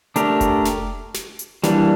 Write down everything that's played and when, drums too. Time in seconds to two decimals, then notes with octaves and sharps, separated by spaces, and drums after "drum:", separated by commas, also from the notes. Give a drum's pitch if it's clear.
0.16 A3 D4 G4 A#4, drum: hi-hat
0.41 drum: kick F1, hi-hat
0.65 drum: snare
1.14 drum: snare
1.39 drum: hi-hat
1.64 E3 G3 A#3 D4, drum: snare